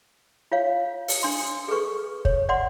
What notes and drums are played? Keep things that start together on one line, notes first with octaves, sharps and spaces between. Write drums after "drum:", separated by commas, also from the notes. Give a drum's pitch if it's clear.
F4 C#5 F5
drum: open hi-hat
D4 C6
G#4 A4 B4 C#6
C#5, drum: kick
D5 F#5 C6